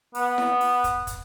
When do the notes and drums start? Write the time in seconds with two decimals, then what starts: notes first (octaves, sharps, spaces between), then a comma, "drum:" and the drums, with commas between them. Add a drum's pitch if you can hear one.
0.15 B3, drum: open hi-hat
0.38 drum: snare E4
0.61 drum: open hi-hat
0.84 drum: kick, hi-hat
1.07 drum: kick, hi-hat